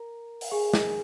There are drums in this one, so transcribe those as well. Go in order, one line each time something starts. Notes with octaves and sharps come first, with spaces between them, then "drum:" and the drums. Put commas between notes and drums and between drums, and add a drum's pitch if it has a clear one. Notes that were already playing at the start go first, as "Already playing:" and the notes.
Already playing: A#4 A#5
drum: open hi-hat
G#4 G#5
drum: snare